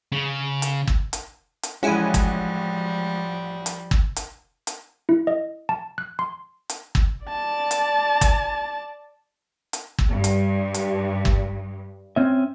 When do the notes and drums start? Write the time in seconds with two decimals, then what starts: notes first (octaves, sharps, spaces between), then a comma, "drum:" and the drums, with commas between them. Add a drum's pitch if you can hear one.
0.12 C#3
0.62 drum: hi-hat
0.87 drum: kick G1
1.13 drum: hi-hat
1.63 drum: hi-hat
1.83 A1 F3 G3 G#3 C#4 E4 F#4 G#5
2.14 drum: kick G1, hi-hat
3.66 drum: hi-hat
3.91 drum: kick G1
4.16 drum: hi-hat
4.67 drum: hi-hat
5.09 E4
5.27 D#5
5.69 A5
5.98 F#6
6.19 C6
6.70 drum: hi-hat
6.95 drum: kick G1
7.27 D5 A5
7.71 drum: hi-hat
8.21 drum: kick G1, hi-hat
9.73 drum: hi-hat
9.98 drum: kick G1
10.10 G2
10.24 drum: hi-hat
10.74 drum: hi-hat
11.25 drum: kick G1
12.16 C4 C#4 E5